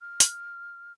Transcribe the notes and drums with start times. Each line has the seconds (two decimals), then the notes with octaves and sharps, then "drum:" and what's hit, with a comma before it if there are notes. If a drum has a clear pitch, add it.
0.01 F6
0.20 drum: hi-hat